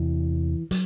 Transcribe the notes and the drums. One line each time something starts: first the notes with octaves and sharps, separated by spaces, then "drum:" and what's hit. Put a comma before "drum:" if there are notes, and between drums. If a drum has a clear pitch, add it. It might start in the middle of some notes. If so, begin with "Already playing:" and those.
Already playing: E2 C3 E3
F#3, drum: hi-hat